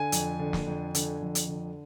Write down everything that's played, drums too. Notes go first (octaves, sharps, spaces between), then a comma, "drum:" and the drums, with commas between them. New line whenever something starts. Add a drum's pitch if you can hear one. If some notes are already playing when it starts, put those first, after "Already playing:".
Already playing: D3 G#5
F2, drum: hi-hat
D3
drum: snare
F2
D3, drum: hi-hat
F2
drum: hi-hat
D3